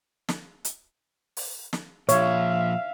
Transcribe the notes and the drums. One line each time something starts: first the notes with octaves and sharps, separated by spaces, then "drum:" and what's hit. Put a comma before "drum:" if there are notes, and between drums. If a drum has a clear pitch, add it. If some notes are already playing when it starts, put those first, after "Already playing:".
drum: snare
drum: hi-hat
drum: open hi-hat
drum: snare
A#2 D#3 F3 C#5 E5 F5, drum: hi-hat